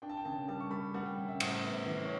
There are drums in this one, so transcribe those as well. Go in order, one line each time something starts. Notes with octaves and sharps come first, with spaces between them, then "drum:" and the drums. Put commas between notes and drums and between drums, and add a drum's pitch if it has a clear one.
D4 G5
A5
G5
C#3 A5
G3 A5
C#6
G3 B5
G3 F#5
G5
C#3
E5
A2 F#5, drum: cymbal
B3
E5
E3
C#5